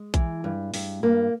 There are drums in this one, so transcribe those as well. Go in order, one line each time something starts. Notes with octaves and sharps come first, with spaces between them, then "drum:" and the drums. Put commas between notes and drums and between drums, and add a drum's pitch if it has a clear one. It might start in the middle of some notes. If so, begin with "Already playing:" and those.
Already playing: G#3
E3, drum: kick A#1, hi-hat
G2
G2, drum: open hi-hat
G2 A#3